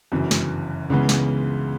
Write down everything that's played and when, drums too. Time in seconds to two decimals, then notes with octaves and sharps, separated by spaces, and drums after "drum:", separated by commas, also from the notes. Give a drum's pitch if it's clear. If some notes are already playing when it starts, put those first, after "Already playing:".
0.12 G1 F#2 C#3 E3
0.31 drum: snare
0.90 C#2 C#3 E3 G#3 B3
1.09 drum: snare